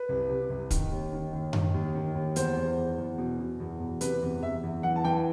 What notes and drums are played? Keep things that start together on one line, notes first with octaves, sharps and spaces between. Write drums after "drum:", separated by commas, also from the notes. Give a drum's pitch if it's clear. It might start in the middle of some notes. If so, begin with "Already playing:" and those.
Already playing: B4
C2
C3
C2
D#3, drum: kick, hi-hat
D#2
D#3
D#2
D#3, drum: tom F#2
D#2
D#3
D#2
E2 C5, drum: hi-hat
E2
E2
E2
B2
B2
E2
E2
C3 B4, drum: hi-hat
E2
E2 E5
E2
E3 F#5
A5
E3 G5